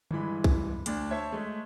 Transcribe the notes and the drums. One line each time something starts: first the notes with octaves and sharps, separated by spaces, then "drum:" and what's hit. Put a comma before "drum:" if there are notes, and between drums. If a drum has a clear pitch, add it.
G2 E3 G#3 B5, drum: tom D3
drum: kick B1
D2 D4, drum: hi-hat
C5 C#5 E5 A5 G#6
G#3 A3